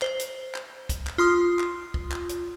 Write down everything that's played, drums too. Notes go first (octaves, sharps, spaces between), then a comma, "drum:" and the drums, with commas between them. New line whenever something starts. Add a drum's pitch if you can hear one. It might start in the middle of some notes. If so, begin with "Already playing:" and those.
C5, drum: clap
drum: hi-hat
drum: clap
drum: kick, hi-hat
drum: clap
F4 C6 D#6
drum: clap
drum: kick
drum: clap
drum: hi-hat